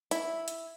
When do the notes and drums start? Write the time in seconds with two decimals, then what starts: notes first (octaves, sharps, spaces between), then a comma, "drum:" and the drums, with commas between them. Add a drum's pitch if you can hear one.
0.11 E4, drum: hi-hat
0.48 drum: hi-hat